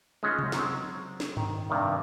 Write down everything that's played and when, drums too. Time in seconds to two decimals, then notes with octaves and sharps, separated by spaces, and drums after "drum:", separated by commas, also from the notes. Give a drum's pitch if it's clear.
0.23 G#3 C#4 D#4 F4 F#4
0.39 drum: tom C3
0.52 F#3 C4, drum: snare
1.20 drum: snare
1.37 D#3, drum: tom G2
1.70 G2 C3 D#3